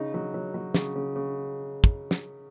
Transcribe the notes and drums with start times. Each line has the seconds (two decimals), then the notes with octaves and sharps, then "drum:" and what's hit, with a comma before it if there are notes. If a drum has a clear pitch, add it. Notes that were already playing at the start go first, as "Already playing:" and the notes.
Already playing: C#3 D#4
0.14 F#3
0.34 F#3
0.54 F#3
0.74 C#3, drum: snare
0.95 C#3
1.16 C#3
1.84 drum: kick
2.11 drum: snare